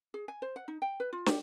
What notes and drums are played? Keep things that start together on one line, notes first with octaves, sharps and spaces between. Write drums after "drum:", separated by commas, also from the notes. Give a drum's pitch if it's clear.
G#4
G#5
C5
F#5
D#4
G5
B4
F4
G4, drum: snare